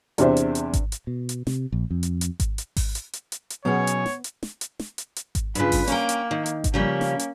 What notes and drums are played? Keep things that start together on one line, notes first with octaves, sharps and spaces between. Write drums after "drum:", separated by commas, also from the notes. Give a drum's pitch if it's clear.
E2 C3 D4 G4 C5 E5, drum: hi-hat
drum: hi-hat
drum: hi-hat
drum: kick G#1, hi-hat
drum: hi-hat
B2
drum: hi-hat
C3, drum: snare
A#1
F2
drum: hi-hat
drum: hi-hat
drum: kick G#1, hi-hat
drum: hi-hat
drum: kick G#1, open hi-hat
drum: hi-hat
drum: hi-hat
drum: hi-hat
drum: hi-hat
B2 F#3 B3 C#4 G#4 C#5
drum: hi-hat
drum: snare
drum: hi-hat
drum: snare
drum: hi-hat
drum: snare
drum: hi-hat
drum: hi-hat
drum: kick G#1, hi-hat
G2 C#3 F4 B4, drum: hi-hat
drum: kick G#1, open hi-hat
A#3 C#4 G5, drum: hi-hat
drum: hi-hat
D#3
drum: hi-hat
drum: kick G#1, hi-hat
C#3 F3 G3 A#3 C#4
drum: snare
drum: hi-hat